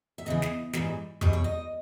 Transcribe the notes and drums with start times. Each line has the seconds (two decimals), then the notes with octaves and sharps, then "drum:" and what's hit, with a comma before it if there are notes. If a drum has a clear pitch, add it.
0.18 E5
0.26 E2 C#3 E3 D#5
0.42 drum: snare
0.73 G#2 E3 G3, drum: snare
1.21 E2 B2 G3 D#5, drum: tom F2
1.33 C#5
1.44 D#5